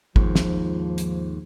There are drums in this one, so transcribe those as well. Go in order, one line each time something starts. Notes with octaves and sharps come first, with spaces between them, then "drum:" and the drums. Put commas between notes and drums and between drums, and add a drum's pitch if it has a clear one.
D#2 G#2 F3, drum: kick
drum: snare
drum: hi-hat